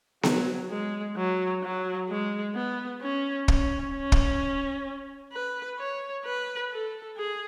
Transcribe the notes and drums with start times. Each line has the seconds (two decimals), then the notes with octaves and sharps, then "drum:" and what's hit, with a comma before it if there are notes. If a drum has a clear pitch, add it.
0.23 F#3, drum: snare B3
0.70 G#3
1.16 F#3
1.63 F#3
2.09 G#3
2.55 B3
3.01 C#4
3.48 C#4, drum: kick
3.94 C#4
4.12 drum: kick
5.32 B4
5.79 C#5
6.25 B4
6.72 A4
7.17 G#4